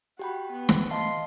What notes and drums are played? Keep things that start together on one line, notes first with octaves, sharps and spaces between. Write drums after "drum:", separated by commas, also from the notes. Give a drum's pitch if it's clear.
F#4 G4 G5 B5
B3
drum: snare
D#5 F5 A5 C6